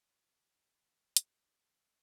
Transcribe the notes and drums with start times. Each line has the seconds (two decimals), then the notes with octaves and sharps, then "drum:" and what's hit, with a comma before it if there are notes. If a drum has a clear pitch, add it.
0.10 F4 F#4 C#5 B5
1.17 drum: hi-hat